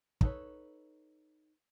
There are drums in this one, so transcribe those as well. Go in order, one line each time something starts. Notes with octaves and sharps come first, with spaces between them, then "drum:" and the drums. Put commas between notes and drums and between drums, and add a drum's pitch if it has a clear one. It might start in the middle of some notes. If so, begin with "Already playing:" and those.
D4 D#4 A4 B4 C#5, drum: kick